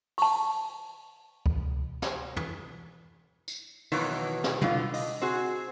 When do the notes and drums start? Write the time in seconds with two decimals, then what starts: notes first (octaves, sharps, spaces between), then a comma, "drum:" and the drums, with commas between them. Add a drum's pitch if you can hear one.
0.18 A5 C#6, drum: open hi-hat
1.46 drum: kick C#2
2.02 drum: snare
2.36 drum: tom
3.48 drum: tambourine
3.92 F2 B2 D#3 E3 F#3, drum: open hi-hat
4.44 drum: snare
4.61 B2 D3 F4, drum: tom
4.94 D#5, drum: open hi-hat
5.22 C4 F#4 G#4